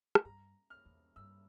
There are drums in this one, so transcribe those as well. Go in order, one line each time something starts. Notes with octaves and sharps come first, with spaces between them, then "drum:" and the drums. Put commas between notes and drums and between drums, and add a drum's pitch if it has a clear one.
drum: rim click
G2 A#5
F6
E2
G2 E6